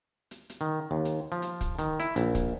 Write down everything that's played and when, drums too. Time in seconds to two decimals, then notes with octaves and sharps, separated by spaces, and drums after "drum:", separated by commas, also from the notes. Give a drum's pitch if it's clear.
0.31 drum: hi-hat
0.50 drum: hi-hat
0.61 D#3
0.91 D#2
1.05 drum: hi-hat
1.32 F3
1.42 drum: hi-hat
1.61 drum: kick, hi-hat
1.79 D#3, drum: hi-hat
2.00 E4, drum: hi-hat
2.16 A#1, drum: hi-hat
2.35 drum: kick, hi-hat